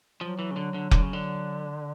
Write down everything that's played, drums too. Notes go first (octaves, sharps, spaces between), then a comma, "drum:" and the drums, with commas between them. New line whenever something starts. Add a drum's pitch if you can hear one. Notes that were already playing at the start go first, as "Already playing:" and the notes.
F3 F#3
E3
C#3
D3
D3
D3, drum: kick F1
C#3
D3